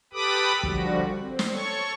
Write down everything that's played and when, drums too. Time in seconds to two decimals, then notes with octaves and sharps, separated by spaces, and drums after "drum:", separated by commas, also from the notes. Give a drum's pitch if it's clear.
0.13 G4 A4 B4 B5 D6 D#6
0.63 D3 F3 G3 F#4, drum: kick
1.20 C4
1.39 drum: snare
1.52 A4 C#5 C#6